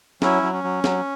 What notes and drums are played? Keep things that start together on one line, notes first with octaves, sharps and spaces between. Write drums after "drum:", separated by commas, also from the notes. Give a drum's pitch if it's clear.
F#3 C#4 E4, drum: snare
F#3
C#4
F#3
F#3, drum: snare